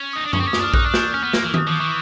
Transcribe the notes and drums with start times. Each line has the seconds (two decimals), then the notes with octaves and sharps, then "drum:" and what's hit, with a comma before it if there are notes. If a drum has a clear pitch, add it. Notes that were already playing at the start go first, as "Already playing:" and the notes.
Already playing: C#4
0.13 D#4 D#6
0.25 D4
0.33 C#4 C#6, drum: tom F#2
0.40 C4
0.43 C#4 D6
0.53 D#6, drum: snare
0.60 D4 F6
0.74 D#4 F#6, drum: kick A#1
0.86 D4
0.94 G6, drum: snare
1.14 C#4 F6
1.23 B3
1.33 A#3, drum: snare
1.44 E3
1.54 D#6, drum: tom D#3
1.67 F3 D6
1.80 E3 C#6